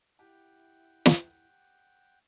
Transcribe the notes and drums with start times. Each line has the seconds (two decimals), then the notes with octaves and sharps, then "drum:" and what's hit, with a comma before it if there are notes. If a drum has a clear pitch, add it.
0.19 E4 G4 F#5 G5
1.06 drum: snare